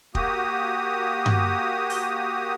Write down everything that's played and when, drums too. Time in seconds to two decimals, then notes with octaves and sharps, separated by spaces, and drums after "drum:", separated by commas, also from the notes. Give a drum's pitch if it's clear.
0.15 A#3 F#4 G4 D#6, drum: kick
1.26 drum: tom G2
1.90 drum: open hi-hat